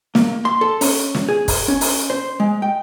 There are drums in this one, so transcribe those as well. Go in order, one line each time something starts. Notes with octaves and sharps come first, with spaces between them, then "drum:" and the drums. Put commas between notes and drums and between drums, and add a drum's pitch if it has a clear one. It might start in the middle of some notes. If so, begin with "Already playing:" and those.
A#3, drum: snare
C6
A4
C#4, drum: open hi-hat
drum: snare
G#4
drum: kick, open hi-hat
C#4
drum: open hi-hat
C5
G#3
G5